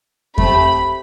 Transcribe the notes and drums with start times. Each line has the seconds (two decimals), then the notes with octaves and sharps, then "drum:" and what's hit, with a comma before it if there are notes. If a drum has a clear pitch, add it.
0.38 A3 C4 G4 B5, drum: kick F2